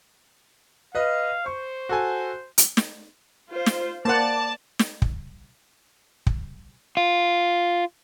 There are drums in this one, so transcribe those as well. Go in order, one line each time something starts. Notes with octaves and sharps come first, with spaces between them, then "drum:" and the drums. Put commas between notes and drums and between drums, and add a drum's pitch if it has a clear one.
B4 D#5 F5
C5 C#6
F#4 A4 G#5
drum: hi-hat
drum: snare
F4 C5
drum: snare
A#3 C5 D5 F#5 A5
drum: snare
drum: kick
drum: kick
F4